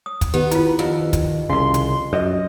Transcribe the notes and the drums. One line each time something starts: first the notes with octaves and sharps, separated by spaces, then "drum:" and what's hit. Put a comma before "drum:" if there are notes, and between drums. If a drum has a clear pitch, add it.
D#6
drum: kick, hi-hat
D#3 B3 G4
E4 F4, drum: hi-hat
F2
drum: kick, hi-hat
C2 C#3 C6
drum: hi-hat
F#2 D#5